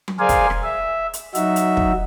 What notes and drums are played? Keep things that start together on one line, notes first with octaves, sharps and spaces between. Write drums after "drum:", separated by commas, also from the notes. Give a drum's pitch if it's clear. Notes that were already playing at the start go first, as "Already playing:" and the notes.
drum: tom F#3
G#4 A#4 C5 D5 F5 G#5
drum: kick, hi-hat
drum: rim click
E5
drum: hi-hat
F#3 D#4 F#4 E5, drum: hi-hat
drum: hi-hat
drum: kick